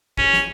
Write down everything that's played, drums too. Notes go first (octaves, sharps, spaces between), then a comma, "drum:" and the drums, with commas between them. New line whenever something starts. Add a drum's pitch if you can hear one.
C#4, drum: kick F#1
drum: snare